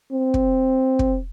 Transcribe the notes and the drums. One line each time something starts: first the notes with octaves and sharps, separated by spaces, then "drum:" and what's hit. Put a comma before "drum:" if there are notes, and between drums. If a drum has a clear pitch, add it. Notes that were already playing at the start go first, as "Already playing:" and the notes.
C4
drum: kick
drum: kick